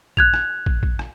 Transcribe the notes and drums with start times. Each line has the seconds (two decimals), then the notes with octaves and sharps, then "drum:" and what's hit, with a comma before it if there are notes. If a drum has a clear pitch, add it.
0.17 F#6 G#6 F7, drum: kick
0.34 drum: rim click
0.66 drum: kick
0.83 drum: kick
0.99 drum: rim click